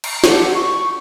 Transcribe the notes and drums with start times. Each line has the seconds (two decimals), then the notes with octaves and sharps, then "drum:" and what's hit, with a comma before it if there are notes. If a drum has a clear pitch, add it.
0.04 drum: cymbal
0.24 G4 A4 F#5, drum: snare
0.53 C#6